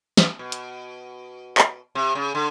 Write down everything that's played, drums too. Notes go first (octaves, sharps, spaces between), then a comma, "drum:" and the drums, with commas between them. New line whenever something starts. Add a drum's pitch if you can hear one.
drum: snare
B2
drum: hi-hat
drum: clap
C3
C#3
D3